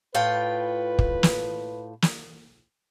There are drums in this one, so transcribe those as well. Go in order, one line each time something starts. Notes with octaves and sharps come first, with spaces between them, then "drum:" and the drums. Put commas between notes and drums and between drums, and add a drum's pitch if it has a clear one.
A2 F4 B4 G5
drum: kick
drum: snare
drum: snare